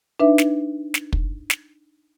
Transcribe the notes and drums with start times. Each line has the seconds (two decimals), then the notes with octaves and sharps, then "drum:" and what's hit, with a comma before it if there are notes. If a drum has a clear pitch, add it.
0.20 D4 D#4 B4 E5
0.38 drum: snare
0.94 drum: snare
1.13 drum: kick
1.50 drum: snare